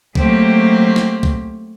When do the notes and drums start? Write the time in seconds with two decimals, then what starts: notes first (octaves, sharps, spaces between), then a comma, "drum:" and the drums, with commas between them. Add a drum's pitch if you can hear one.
0.15 F#3 A3 A#3 C4 G4, drum: kick
0.96 drum: snare
1.23 drum: kick